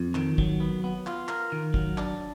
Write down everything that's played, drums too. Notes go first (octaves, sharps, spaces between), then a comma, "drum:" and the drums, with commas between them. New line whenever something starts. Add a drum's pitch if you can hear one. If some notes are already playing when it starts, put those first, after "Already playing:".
Already playing: F2
D#3, drum: clap
F#3, drum: kick
B3
B3
F4, drum: clap
A#4, drum: clap
D#3
F#3, drum: kick
D4, drum: clap